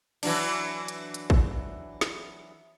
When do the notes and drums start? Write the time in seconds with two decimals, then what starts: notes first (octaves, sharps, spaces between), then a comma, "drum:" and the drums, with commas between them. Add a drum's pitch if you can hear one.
0.23 E3 F#3 D4, drum: cymbal
0.88 drum: hi-hat
1.14 drum: hi-hat
1.30 drum: kick
2.01 drum: snare